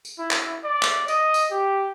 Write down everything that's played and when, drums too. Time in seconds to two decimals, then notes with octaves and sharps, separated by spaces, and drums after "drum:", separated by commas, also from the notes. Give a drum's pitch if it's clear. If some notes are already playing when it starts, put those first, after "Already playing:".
0.05 drum: tambourine
0.19 E4
0.31 drum: clap
0.64 D5
0.82 drum: clap
1.08 D#5, drum: tambourine
1.34 drum: tambourine
1.52 G4